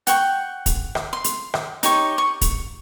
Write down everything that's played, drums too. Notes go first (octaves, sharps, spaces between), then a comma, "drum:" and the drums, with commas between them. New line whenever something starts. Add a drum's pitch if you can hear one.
F#5 G5 C#6, drum: hi-hat
drum: kick, hi-hat
drum: rim click
C6
drum: hi-hat
drum: rim click
D#4 G4 C#5 C#6, drum: hi-hat
C#6
drum: kick, hi-hat